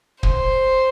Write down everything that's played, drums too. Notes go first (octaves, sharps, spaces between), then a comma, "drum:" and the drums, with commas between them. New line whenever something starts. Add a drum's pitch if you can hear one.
C5, drum: kick